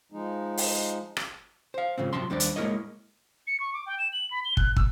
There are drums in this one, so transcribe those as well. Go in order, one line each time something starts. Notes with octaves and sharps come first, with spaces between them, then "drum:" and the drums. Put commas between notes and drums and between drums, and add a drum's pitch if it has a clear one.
F3 G#3 D#4
drum: open hi-hat
drum: rim click
C5 F5
G#2 C#3 F3 C4
F#2 C3 F3 A5 C6
D#2 G3 D4 C5 D5
drum: hi-hat
G#3 A#3 E4 A#4 C#5 D#5
C#7
C#6
D6
G5
E7
F#7
B5
G7
F#6, drum: kick
E6, drum: kick